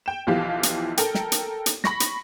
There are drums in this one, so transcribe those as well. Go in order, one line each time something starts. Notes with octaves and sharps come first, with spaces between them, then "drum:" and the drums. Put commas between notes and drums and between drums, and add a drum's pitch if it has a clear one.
G5 E7
B1 E3 F3 G4 F5
drum: hi-hat
A4 A#4 G5, drum: hi-hat
drum: snare
drum: hi-hat
drum: hi-hat
B5 C#6 A#6, drum: snare
drum: hi-hat